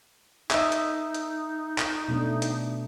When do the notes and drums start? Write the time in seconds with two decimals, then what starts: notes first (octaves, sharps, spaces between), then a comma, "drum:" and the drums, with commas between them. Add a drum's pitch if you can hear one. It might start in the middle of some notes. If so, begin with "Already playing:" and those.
0.51 D#4 D#5 E5, drum: clap
0.72 drum: hi-hat
1.14 drum: hi-hat
1.78 drum: clap
2.08 B2 A3 D4
2.42 drum: hi-hat